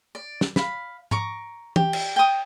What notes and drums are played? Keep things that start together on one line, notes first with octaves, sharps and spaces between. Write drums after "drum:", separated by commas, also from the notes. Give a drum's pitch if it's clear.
D5
drum: snare
F5 B5, drum: snare
A#5 C#6 D6, drum: tom G#2
G4, drum: tom
drum: cymbal
G5 D#6